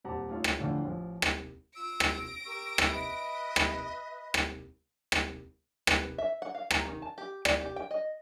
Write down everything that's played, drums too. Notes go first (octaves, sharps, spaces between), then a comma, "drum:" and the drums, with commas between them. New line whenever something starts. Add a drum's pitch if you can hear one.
D#1 C4 G4 F#5 A5 A#5
A3 D#4 F4 C#5
drum: rim click
A2 D3 E3 F3 F4 G5
A1 F3
drum: rim click
F4 E6 A#6 D7
drum: rim click
G4 A#4 C#6 E6
drum: rim click
B4 D#5 E5
drum: rim click
drum: rim click
drum: rim click
B4, drum: rim click
E5
F#5
F5
A#5, drum: rim click
D#3
A5
G4
D5, drum: rim click
G4
G5
D#5